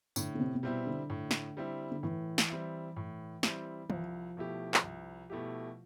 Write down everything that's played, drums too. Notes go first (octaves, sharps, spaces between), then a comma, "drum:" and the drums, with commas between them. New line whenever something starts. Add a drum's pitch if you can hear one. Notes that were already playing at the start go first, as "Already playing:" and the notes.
A2 D3, drum: tambourine
D3
C3
C3
B2 G3 C4 E4
D3
A2
drum: snare
G3 C4 E4
D3
A2 E3
drum: snare
G3 C4 E4
A2
G3 C4 E4, drum: snare
C2 F3, drum: tom
B2 A3 E4 G4
drum: clap
C2
B2 A3 E4 G4